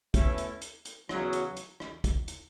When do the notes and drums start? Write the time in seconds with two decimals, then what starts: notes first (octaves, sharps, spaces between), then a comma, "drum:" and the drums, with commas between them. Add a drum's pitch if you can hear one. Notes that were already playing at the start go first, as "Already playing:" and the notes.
0.14 B2 A3 C#4 E4, drum: kick, hi-hat
0.38 drum: hi-hat
0.61 drum: hi-hat
0.85 drum: hi-hat
1.09 E2 C#3 F#3, drum: rim click
1.33 drum: hi-hat
1.56 drum: hi-hat
1.80 drum: rim click
2.04 drum: kick, hi-hat
2.28 drum: hi-hat